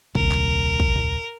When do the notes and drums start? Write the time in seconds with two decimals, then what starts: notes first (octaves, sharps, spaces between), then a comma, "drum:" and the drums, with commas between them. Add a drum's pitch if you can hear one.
0.15 D#1 C2 A#4, drum: kick
0.31 drum: clap
0.80 drum: kick
0.96 drum: tom G#2